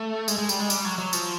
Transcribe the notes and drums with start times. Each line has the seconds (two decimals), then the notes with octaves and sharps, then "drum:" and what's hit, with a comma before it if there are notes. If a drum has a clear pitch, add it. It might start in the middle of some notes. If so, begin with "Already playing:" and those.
Already playing: A3
0.28 G#3, drum: tambourine
0.38 G#3
0.49 G3, drum: tambourine
0.60 G#3
0.70 G3, drum: tambourine
0.85 F#3
0.98 F#3
1.13 F3, drum: tambourine